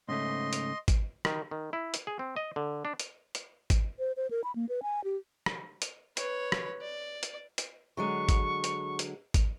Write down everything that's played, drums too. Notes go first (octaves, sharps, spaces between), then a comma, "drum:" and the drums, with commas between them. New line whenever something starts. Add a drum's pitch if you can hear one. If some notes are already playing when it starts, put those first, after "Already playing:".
G#2 C#3 A3 D#5 C6
drum: hi-hat
drum: kick G#1, hi-hat
D#3, drum: rim click
D#3
E4
drum: hi-hat
G#4
C4
D#5
D3
D4
drum: hi-hat
drum: hi-hat
drum: kick G#1, hi-hat
C5
C5
A#4
B5
A#3
B4
G#5
G4
drum: rim click
drum: hi-hat
B4 C#5, drum: hi-hat
drum: rim click
D5
drum: hi-hat
drum: hi-hat
D3 F#3 G#3 C#6
drum: kick G#1, hi-hat
drum: hi-hat
drum: hi-hat
drum: kick G#1, hi-hat